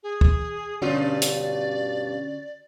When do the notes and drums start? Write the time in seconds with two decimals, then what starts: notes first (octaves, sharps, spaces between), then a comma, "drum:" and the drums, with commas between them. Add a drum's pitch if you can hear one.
0.03 G#4
0.21 drum: kick
0.82 G2 B2 D3 C#4 F4 F#4 D5
1.22 drum: hi-hat